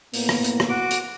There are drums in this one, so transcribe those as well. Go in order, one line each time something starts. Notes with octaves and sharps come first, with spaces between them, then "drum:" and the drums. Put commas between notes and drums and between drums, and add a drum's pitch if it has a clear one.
A2 A#3 B3, drum: open hi-hat
drum: rim click
drum: hi-hat
drum: rim click
F#4 D6
drum: hi-hat